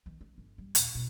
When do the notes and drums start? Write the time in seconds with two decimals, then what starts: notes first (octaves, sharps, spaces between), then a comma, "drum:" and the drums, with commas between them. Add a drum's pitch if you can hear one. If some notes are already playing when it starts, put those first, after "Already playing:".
0.06 D#3 B3
0.21 B3
0.38 G1
0.58 G3
0.75 D#2 A#2, drum: hi-hat
0.94 E2 B2